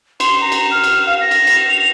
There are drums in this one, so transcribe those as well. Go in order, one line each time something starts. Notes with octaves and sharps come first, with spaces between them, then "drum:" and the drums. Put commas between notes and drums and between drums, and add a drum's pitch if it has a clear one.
C6, drum: cymbal
A#5
drum: cymbal
F6
drum: cymbal
F5
A#6
drum: cymbal
drum: cymbal
F7